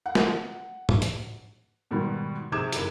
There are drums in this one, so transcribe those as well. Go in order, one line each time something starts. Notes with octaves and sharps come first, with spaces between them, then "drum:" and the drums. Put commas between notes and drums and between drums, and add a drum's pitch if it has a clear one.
F#5
drum: snare
drum: tom
drum: hi-hat
G#2 B2 D#3 G3
C3 D#4 G#4 D6 G#6 E7
F#1 G4, drum: hi-hat